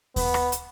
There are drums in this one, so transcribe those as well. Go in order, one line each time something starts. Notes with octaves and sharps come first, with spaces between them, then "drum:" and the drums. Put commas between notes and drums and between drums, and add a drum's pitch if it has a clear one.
B3, drum: kick D#2, open hi-hat
drum: rim click
drum: hi-hat